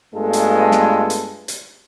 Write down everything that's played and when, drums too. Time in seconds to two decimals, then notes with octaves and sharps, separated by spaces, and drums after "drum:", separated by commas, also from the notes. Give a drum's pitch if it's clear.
0.14 G2 G#3 A3 B3 F4 A4
0.33 drum: hi-hat
0.72 drum: snare
1.10 drum: hi-hat
1.48 drum: hi-hat